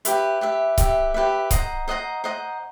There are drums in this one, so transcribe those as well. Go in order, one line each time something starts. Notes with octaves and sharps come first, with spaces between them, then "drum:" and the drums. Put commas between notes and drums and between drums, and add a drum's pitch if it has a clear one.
G4 B4 E5, drum: hi-hat
G4 B4 E5
G4 B4 E5, drum: kick C#1, hi-hat
G4 B4 E5
C5 D#5 F#5 A#5, drum: kick C#1, hi-hat
C5 D#5 F#5 A#5
C5 D#5 F#5 A#5